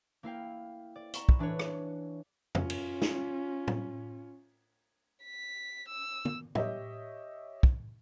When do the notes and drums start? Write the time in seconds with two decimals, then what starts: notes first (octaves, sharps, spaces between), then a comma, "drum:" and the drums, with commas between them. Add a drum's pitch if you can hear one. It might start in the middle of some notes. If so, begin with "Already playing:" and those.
0.23 A#3 E4 F5 G5
0.95 D5
1.14 A#5 B5 C#6 E7, drum: hi-hat
1.29 drum: kick
1.39 E3 D4 B4 C#5
1.59 drum: rim click
2.55 C#4 F4, drum: tom F2
2.70 drum: cymbal
3.02 drum: snare
3.68 drum: tom A2
5.24 B6
5.88 E6
6.25 drum: tom
6.55 G4 C#5 D#5 E5, drum: tom A2
7.63 drum: kick